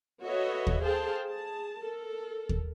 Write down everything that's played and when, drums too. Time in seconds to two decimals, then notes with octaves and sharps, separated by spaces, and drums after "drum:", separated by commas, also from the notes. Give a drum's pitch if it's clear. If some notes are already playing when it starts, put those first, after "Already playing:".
0.23 F#4 A4 B4 C#5 D#5 E5
0.67 drum: kick D#2
0.81 G#4 A4 C5 F5 G5 A5
1.28 G#4 A5
1.80 A4 A#4
2.49 drum: kick D#2